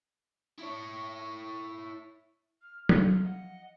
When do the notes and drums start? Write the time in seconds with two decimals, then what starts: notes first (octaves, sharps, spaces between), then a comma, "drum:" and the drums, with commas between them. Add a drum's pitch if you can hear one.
0.59 E4 C#5
2.62 F6
2.89 E3 F3 F5 C#6, drum: tom F#3
3.07 C4 F#4 F6
3.24 D#5 F#5